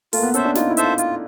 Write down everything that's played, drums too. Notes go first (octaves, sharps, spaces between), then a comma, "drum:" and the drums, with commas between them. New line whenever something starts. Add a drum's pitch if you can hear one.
A3 F4, drum: open hi-hat
A#3
B3
C#4 A4 C5 E5, drum: hi-hat
D4
D#4 F4, drum: snare
E4
A4 C5 E5, drum: hi-hat
F4
F4, drum: hi-hat